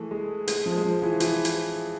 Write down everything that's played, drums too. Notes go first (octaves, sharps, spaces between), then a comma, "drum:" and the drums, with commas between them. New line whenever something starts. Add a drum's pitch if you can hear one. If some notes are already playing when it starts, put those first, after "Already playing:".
Already playing: E3 G#3 A3
G#3
G#3, drum: hi-hat
F3
G#3
F3
E3
E3, drum: hi-hat
drum: hi-hat